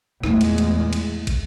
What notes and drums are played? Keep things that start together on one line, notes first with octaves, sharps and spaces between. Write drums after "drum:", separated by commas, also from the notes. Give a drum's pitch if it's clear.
E2 A#2 G#3 A3 E4, drum: rim click
drum: cymbal
drum: cymbal
drum: cymbal
drum: kick, cymbal